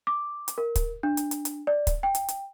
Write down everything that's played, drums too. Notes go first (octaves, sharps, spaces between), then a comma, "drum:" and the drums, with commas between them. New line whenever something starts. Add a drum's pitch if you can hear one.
D6
drum: hi-hat
A#4
drum: kick, hi-hat
D4
drum: hi-hat
drum: hi-hat
drum: hi-hat
D5
drum: kick, hi-hat
G5
drum: hi-hat
drum: hi-hat